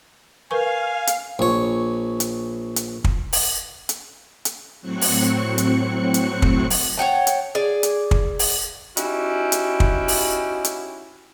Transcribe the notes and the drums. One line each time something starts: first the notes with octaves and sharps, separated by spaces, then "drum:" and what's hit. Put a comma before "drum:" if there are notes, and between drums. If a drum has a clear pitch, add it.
A#4 B4 F5 G#5 C#6
drum: hi-hat
A#1 C#5
drum: hi-hat
drum: hi-hat
drum: kick
drum: open hi-hat
drum: hi-hat
drum: hi-hat
A2 F#3 C4 C#6 F#6 C#7
drum: open hi-hat
drum: hi-hat
drum: hi-hat
drum: kick
drum: open hi-hat
C#5 F#5 G5 A5
drum: hi-hat
G#4 D5
drum: hi-hat
drum: kick
drum: open hi-hat
C#4 D#4 E4 F#4 G4, drum: hi-hat
drum: hi-hat
drum: kick
drum: open hi-hat
drum: hi-hat